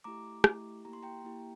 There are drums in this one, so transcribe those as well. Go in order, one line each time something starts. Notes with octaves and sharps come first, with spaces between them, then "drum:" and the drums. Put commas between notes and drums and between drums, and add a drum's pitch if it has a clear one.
A3 E4 G4 A#5 D6
A3 E4 G4, drum: rim click
A#3 E4 G4 A#5
C6
G5 A#5
A#3 E4 G4